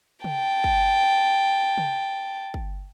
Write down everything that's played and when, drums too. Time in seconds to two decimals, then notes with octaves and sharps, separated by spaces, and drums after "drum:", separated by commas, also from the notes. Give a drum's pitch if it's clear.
0.24 G5 A5, drum: tom
0.64 drum: kick
1.78 drum: tom
2.54 drum: kick